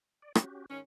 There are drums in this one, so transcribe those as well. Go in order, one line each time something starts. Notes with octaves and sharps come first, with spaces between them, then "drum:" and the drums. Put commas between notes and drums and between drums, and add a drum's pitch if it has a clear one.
D5
C#4 F#4 G4, drum: rim click
G#2 D#3 C#4